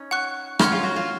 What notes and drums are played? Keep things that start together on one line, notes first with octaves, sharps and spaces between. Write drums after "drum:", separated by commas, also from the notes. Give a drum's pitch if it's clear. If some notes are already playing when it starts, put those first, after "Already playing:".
Already playing: C#4 D#4
F#5 C#6 F#6
C#4 F#5 C6 F6, drum: rim click
F4
F#4
F4